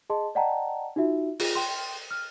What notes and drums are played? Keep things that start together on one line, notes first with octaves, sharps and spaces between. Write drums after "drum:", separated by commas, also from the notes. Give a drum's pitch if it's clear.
G#4 D#5 A5 C6
D5 D#5 F#5 G5 A5 A#5
D#4 F4 F#4 E5
F4 G#4, drum: open hi-hat
G5 C6
F6